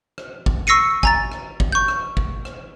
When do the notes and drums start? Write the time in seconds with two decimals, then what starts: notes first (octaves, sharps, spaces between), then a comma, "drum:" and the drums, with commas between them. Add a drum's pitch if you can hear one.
0.18 drum: rim click
0.46 drum: kick
0.67 C#6 E6 A#6 C7 C#7 D#7
1.03 G#5 A#5 A6, drum: kick
1.32 drum: rim click
1.60 drum: kick
1.72 C#6 G6
1.88 drum: rim click
2.17 drum: kick
2.45 drum: rim click